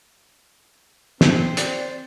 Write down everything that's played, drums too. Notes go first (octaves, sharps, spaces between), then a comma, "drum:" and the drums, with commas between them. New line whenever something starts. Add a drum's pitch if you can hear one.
C4 E4 C5, drum: snare
D5, drum: hi-hat